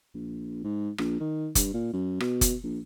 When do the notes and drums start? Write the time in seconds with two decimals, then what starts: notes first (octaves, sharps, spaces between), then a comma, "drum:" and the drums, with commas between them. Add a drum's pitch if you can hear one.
0.14 A#1
0.64 G#2
0.98 A#1, drum: rim click
1.20 D#3
1.55 G2, drum: kick F#1, hi-hat
1.74 A#2
1.93 F#2
2.20 B2, drum: rim click
2.41 drum: kick F#1, hi-hat
2.63 A#1